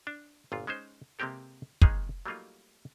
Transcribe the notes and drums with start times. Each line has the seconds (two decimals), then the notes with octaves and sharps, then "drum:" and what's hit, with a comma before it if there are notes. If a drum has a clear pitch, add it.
0.07 D4
0.52 G1 A#2 F4
0.67 G#3 C#4 D#4 C5
1.19 C3 G#3 A#3 C4 G4 A4
1.82 D#3 G#3 A#3 D#4 G#4 C#5, drum: kick
2.26 F#3 G3 A3 A#3 D#4 F4